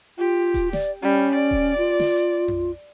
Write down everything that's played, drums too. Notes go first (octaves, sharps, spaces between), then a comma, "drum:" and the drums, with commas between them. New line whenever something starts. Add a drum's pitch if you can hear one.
F4 G4
drum: kick D#1, hi-hat
D5, drum: snare
G3 C#4
D5
drum: kick D#1
F4
drum: snare
drum: hi-hat
drum: tom F2